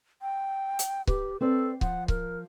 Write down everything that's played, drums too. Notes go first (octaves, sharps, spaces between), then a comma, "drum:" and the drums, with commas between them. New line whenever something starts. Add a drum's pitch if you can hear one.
G5
drum: hi-hat
G4 B4, drum: kick C#1
C4 A4 B4 D5
F3 F#5, drum: kick C#1
A#4, drum: kick C#1